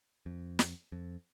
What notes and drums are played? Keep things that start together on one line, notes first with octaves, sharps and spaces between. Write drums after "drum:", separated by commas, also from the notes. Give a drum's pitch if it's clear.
F2
drum: snare
F2